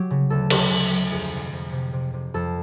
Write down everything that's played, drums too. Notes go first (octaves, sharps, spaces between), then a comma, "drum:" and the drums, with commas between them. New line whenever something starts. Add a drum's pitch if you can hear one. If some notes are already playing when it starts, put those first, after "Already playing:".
Already playing: F#3 G4
C#3
D2 A4
D2, drum: cymbal
D2
F#3
F2 G#4
C3
F2
C3
C3
C3
F2 A4